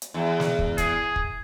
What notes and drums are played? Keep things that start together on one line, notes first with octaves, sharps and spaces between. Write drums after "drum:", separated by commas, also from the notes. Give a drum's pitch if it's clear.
drum: hi-hat
E2
drum: snare
drum: kick
G#4, drum: kick, hi-hat
drum: kick